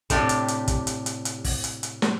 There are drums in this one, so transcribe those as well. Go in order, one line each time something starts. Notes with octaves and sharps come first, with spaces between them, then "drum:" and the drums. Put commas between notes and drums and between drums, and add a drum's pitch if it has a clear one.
A2 C3 D4 G4, drum: kick, hi-hat
drum: hi-hat
drum: hi-hat
drum: kick, hi-hat
drum: hi-hat
drum: hi-hat
drum: hi-hat
drum: kick, open hi-hat
drum: hi-hat
drum: hi-hat
drum: snare